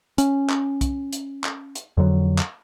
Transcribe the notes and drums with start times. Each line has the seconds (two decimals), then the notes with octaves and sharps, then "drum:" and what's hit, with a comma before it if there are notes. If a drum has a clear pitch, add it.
0.18 C#4, drum: hi-hat
0.50 drum: clap
0.81 drum: kick B1, hi-hat
1.13 drum: hi-hat
1.44 drum: clap
1.75 drum: hi-hat
1.97 F2 D3 F#3
2.38 drum: clap